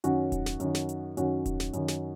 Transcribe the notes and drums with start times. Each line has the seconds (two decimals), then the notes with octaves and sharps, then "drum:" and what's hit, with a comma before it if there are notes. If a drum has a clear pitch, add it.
0.04 F#2 D#3 C#4 F#4, drum: hi-hat
0.32 drum: kick D#1, hi-hat
0.46 drum: snare
0.60 F#2 D#3, drum: hi-hat
0.75 drum: snare
0.89 drum: hi-hat
1.17 F#2 D#3 C#4 F#4, drum: hi-hat
1.46 drum: kick D#1, hi-hat
1.60 drum: snare
1.73 F#2 D#3, drum: hi-hat
1.88 drum: snare